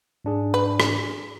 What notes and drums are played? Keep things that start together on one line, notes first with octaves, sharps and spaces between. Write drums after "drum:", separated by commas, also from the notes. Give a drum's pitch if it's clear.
G#2 D4 G#4
B4
drum: rim click